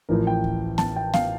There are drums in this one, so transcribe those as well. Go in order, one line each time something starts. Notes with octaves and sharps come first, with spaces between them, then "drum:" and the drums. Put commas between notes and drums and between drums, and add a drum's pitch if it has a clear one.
A1 A2 F3 A#4
G5
drum: kick C#2
A5, drum: snare B3
G5
F5, drum: snare B3